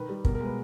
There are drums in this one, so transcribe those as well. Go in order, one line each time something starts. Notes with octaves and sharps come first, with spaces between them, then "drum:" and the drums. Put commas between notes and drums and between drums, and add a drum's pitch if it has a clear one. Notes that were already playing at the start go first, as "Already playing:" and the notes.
Already playing: D#3 B4
G3
B2 A#4, drum: kick
A#4
G#3
B4